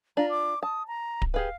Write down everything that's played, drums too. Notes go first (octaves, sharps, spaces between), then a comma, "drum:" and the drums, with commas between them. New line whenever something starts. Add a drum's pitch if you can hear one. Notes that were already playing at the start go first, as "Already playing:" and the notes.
D4 F4 A#5
D6
A5 D#6
A#5
drum: kick D1
G4 G#4 B4 F5